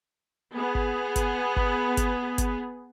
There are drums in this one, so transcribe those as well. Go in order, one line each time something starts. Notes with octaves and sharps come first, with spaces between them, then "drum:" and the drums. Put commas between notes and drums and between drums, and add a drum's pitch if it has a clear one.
B3 G#4
drum: kick G1
drum: kick G1, hi-hat
drum: kick G1
drum: kick G1, hi-hat
drum: kick G1, hi-hat